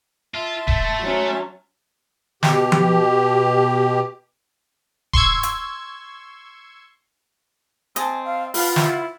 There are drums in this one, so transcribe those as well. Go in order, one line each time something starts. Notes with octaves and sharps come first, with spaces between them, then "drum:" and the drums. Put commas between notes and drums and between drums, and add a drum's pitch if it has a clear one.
F4 E5 A5 C6
A3, drum: kick D#1
F#3 C#4
B2 G4, drum: snare
drum: tom F3
C6 C#6 E6 G#6, drum: kick D#1
drum: hi-hat
C4 D#5 G#5 A5, drum: hi-hat
F5
F4 B4 F5 F#5, drum: open hi-hat
E4, drum: snare